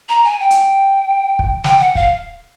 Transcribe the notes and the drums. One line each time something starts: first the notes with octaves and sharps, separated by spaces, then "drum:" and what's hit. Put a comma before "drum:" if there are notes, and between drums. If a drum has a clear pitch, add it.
A#5
G#5
G5
drum: hi-hat
drum: kick
G5, drum: snare
F#5
F5, drum: kick